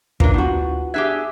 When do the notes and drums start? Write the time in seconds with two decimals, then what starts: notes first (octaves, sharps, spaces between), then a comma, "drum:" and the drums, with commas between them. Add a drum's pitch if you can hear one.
0.20 D2 E3 A#3 D4 F4, drum: kick
0.34 F3 B3 F#4
0.94 D4 G4 G#4 E5 F#6 G#6